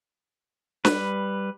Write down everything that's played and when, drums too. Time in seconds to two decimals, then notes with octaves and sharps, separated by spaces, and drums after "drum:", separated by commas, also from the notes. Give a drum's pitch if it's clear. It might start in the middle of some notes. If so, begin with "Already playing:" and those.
0.85 G3 B4, drum: snare